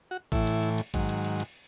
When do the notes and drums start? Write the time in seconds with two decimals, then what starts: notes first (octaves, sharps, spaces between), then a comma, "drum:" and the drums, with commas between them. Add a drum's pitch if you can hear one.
0.11 F#4
0.32 A2 E3 E4, drum: kick A1, cymbal
0.47 drum: cymbal
0.63 drum: cymbal
0.78 drum: cymbal
0.94 G#2 D#3 F#3, drum: kick A1, cymbal
1.09 drum: cymbal
1.25 drum: cymbal
1.40 drum: cymbal